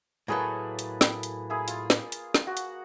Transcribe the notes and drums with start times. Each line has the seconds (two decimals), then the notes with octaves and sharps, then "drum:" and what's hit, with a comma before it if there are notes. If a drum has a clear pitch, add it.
0.28 A2 F#3 A3 A#3 G#4 B4
0.79 drum: hi-hat
1.01 drum: snare
1.23 drum: hi-hat
1.50 A#3 E4 G#4
1.68 F4, drum: hi-hat
1.90 drum: snare
2.12 drum: hi-hat
2.34 drum: snare
2.47 F#4
2.57 drum: hi-hat